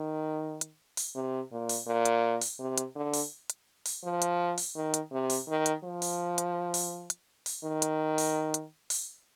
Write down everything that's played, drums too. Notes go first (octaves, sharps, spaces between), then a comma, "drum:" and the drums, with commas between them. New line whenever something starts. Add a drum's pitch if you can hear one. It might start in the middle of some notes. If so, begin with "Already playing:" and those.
Already playing: D#3
drum: hi-hat
drum: open hi-hat
C3
A#2
drum: open hi-hat
A#2
drum: hi-hat
drum: open hi-hat
C3
drum: hi-hat
D3
drum: open hi-hat
drum: hi-hat
drum: open hi-hat
F3
drum: hi-hat
drum: open hi-hat
D#3
drum: hi-hat
C3
drum: open hi-hat
D#3
drum: hi-hat
F3
drum: open hi-hat
drum: hi-hat
drum: open hi-hat
drum: hi-hat
drum: open hi-hat
D#3
drum: hi-hat
drum: open hi-hat
drum: hi-hat
drum: open hi-hat